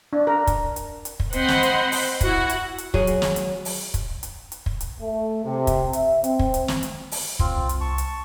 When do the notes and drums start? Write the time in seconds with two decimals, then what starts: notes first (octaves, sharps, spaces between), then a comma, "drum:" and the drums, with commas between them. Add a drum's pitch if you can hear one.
0.13 D4
0.27 A#4
0.47 drum: kick, hi-hat
0.76 drum: hi-hat
1.05 drum: hi-hat
1.20 drum: kick
1.33 C4 C5 D#5 F#5 B5 C6, drum: hi-hat
1.48 drum: snare
1.63 drum: hi-hat
1.92 drum: open hi-hat
2.21 E4 F#4 F#5, drum: kick, hi-hat
2.50 drum: hi-hat
2.78 drum: hi-hat
2.94 F#3 G#4, drum: kick
3.07 drum: hi-hat
3.22 drum: snare
3.36 drum: hi-hat
3.65 drum: open hi-hat
3.94 drum: kick, hi-hat
4.23 drum: hi-hat
4.52 drum: hi-hat
4.66 drum: kick
4.81 drum: hi-hat
5.01 A3
5.44 C3
5.67 drum: kick, hi-hat
5.93 E5, drum: hi-hat
6.24 C4, drum: hi-hat
6.39 drum: kick
6.54 drum: hi-hat
6.68 drum: snare
6.83 drum: hi-hat
7.12 drum: open hi-hat
7.39 D2 C4 F4, drum: kick
7.58 C2
7.69 drum: hi-hat
7.81 A5 C#6
7.98 drum: hi-hat